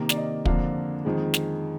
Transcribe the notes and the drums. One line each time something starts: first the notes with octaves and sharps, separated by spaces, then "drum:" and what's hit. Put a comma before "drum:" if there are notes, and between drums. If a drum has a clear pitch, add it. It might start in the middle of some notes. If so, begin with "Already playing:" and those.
Already playing: C3 D#3 A#3
D5, drum: snare
D#5
F2 D3 F3 A#3 D4 F5, drum: kick
F2 D#3 G#3
drum: snare